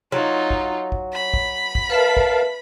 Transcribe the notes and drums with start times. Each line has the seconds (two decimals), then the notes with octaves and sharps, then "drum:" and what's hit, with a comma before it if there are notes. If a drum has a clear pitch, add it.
0.12 F#3 D#4 F4
0.50 drum: kick
0.92 drum: kick
1.13 B5
1.34 drum: kick
1.75 drum: kick
1.90 A#4 B4 E5 F5 A5
2.17 drum: kick